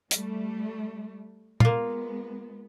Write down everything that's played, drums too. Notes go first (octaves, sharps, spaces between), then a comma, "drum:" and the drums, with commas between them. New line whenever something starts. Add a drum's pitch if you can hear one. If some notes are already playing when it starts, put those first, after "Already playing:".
G3 A3, drum: hi-hat
G#3 A#3 B3 F4, drum: tom